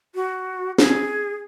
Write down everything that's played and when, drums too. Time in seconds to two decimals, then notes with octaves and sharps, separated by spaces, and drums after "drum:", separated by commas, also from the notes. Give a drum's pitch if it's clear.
0.15 F#4
0.78 G#4, drum: snare C#4